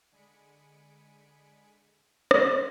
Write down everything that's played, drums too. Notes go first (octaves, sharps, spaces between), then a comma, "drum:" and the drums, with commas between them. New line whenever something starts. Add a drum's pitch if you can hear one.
D3 G#3 G#5 B5 C#7 D7
drum: rim click